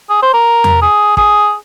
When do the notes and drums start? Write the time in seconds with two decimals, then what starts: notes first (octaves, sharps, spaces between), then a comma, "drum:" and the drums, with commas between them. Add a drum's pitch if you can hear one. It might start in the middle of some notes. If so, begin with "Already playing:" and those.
0.10 G#4
0.22 C5
0.34 A#4
0.64 drum: tom E2
0.82 G#4
1.17 G#4, drum: kick